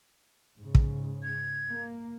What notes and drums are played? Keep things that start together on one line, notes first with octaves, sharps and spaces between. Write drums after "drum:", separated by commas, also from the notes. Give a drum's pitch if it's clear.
G#2 C#3
drum: kick
G#6
A#3